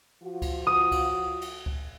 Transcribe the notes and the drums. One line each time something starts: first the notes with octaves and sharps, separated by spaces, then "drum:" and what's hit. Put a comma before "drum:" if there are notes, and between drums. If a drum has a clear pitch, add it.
F3 F4 F#4
drum: kick C#2, cymbal
D#6
drum: kick C#2, cymbal
drum: cymbal
drum: kick C#2